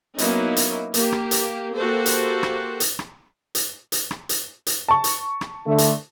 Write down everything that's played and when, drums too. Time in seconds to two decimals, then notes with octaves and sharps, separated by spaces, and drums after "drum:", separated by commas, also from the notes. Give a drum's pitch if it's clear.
0.18 F#3 A#3 B3 C#4 D#4 E4, drum: hi-hat
0.56 drum: hi-hat
0.94 A#3 G4, drum: hi-hat
1.12 drum: rim click
1.31 drum: hi-hat
1.76 A#3 F#4 G4 A4 C5
2.06 drum: hi-hat
2.43 drum: rim click
2.80 drum: hi-hat
2.99 drum: rim click
3.55 drum: hi-hat
3.92 drum: hi-hat
4.11 drum: rim click
4.29 drum: hi-hat
4.67 drum: hi-hat
4.88 A5 C#6
5.04 drum: hi-hat
5.41 drum: rim click
5.66 D3 A3
5.78 drum: hi-hat